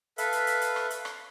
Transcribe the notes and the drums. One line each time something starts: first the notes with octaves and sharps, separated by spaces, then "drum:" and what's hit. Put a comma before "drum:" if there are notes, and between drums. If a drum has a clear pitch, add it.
A4 B4 E5 F5, drum: hi-hat
drum: hi-hat
drum: hi-hat
drum: hi-hat
drum: rim click
drum: hi-hat
drum: rim click